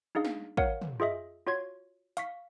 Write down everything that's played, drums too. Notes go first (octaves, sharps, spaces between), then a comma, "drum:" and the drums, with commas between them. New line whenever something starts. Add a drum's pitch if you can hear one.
D4 D#4 G#4 F5
drum: snare
A#4 C#5 F5 F#5, drum: kick
drum: tom
F4 G#4 D#5 E5
F4 F#4 C#5 C6 G#6
F5 C#6 B6, drum: hi-hat